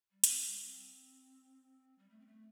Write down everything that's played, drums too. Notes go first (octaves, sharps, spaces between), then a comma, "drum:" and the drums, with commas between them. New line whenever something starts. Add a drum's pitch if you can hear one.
G3
A3, drum: hi-hat
C4
G3
C4
G3
A3
C4
A3